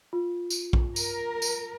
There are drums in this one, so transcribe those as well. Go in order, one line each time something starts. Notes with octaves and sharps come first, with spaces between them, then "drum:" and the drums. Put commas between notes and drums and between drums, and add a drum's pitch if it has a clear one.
F4
drum: tambourine
drum: kick A#1
A#4, drum: tambourine
drum: tambourine